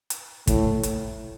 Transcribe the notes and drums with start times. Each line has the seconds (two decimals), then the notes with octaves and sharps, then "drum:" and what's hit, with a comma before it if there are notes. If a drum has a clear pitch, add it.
0.10 drum: hi-hat
0.47 A2, drum: kick, hi-hat
0.83 drum: hi-hat